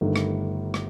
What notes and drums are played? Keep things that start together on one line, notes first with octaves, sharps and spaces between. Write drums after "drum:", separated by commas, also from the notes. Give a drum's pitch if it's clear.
G1 G2 D#3 A3
drum: rim click
drum: rim click